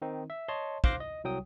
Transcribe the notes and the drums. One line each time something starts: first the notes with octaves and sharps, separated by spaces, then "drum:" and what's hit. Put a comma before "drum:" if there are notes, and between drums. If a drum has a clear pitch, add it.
D#3 C4 D#4
E5
C#5 D#5 A5 C6
C5 F5 C6 D6 F#6 A#6, drum: kick
D#5
C2 F#3 G5 D#6